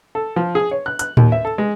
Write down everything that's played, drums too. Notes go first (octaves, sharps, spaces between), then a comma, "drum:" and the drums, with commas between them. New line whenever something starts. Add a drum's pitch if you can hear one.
A4
F3
G#4
C#5
F#6
F#6, drum: hi-hat
D#2, drum: tom A2
E5
A4
G#3